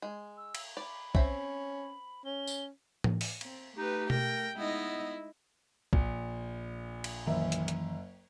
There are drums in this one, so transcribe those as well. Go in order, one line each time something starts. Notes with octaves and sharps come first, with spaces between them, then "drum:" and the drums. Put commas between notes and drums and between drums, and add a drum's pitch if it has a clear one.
G#3
E6
drum: cymbal
D5 B5
C4 C#4 E5, drum: kick
C#4 G7
drum: tambourine
drum: tom A2
drum: open hi-hat
C4, drum: cymbal
A3 D#4 G4 B4
A#4 G5, drum: tom B2
G#3 B3 D#4 E4 D#5
A#1, drum: kick
drum: cymbal
F#1 D#3 E3 E5
drum: hi-hat
drum: hi-hat